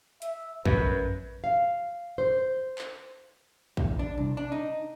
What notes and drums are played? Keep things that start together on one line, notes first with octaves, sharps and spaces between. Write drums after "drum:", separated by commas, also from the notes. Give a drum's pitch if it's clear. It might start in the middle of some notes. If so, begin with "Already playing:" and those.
E5, drum: hi-hat
F#2 B4, drum: kick
F5
C5
drum: clap
E2, drum: kick
D4
C2
D4
D#4